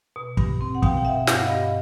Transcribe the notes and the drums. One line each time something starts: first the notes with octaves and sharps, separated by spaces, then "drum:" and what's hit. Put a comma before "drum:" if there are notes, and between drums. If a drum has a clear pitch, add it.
B2
G2, drum: kick
C4
F#5
B2 F5 G5, drum: kick
G5
B2 E5 F#5
G2 F5, drum: snare
F#5
G2 D#5 F5